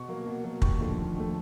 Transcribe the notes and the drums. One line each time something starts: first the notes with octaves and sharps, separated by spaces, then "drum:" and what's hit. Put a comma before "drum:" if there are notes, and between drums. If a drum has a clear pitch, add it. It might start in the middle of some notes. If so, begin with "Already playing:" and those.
Already playing: B2 C#6
F#3 A#3
B2
F#3 A#3
D#2 C#6, drum: kick
D3 F3 A3
D#2
D3 F3 A3